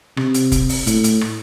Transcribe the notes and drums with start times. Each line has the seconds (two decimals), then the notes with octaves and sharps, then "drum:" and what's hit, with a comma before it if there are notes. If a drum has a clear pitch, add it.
0.17 C3, drum: rim click
0.34 drum: hi-hat
0.52 drum: kick F1, hi-hat
0.69 drum: open hi-hat
0.87 A2, drum: hi-hat
1.04 drum: hi-hat
1.21 drum: rim click